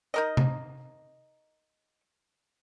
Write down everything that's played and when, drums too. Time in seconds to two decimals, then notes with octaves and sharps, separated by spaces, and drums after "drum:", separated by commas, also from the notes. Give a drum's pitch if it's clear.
0.14 D#4 A#4 D#5
0.37 drum: tom